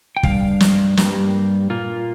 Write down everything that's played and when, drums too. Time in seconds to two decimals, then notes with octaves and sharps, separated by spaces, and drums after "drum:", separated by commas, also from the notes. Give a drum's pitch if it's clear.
0.17 G5
0.23 G2 G3 F5, drum: kick
0.60 drum: snare
0.97 G2 G3 A#3, drum: snare
1.70 A#2 A#3 F4